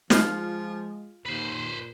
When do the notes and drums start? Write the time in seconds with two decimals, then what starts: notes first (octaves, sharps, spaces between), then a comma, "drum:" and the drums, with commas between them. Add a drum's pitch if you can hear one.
0.10 F3 G#3 F4, drum: snare
1.26 D#2 A#2 B4 C5